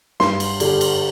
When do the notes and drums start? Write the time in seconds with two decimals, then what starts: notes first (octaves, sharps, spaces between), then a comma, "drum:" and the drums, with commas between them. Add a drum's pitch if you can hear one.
0.20 G2 C6, drum: snare
0.40 drum: cymbal
0.60 D3 G3, drum: cymbal
0.81 drum: cymbal